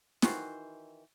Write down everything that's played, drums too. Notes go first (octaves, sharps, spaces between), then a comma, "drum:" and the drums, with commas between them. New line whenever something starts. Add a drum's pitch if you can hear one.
D#3 E3 F#4 C5, drum: snare